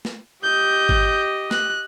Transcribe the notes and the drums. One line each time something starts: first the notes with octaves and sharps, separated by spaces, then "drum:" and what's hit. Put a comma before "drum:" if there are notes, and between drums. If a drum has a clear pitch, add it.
drum: snare
G4 D#5 G6
drum: kick G#1
F#6, drum: snare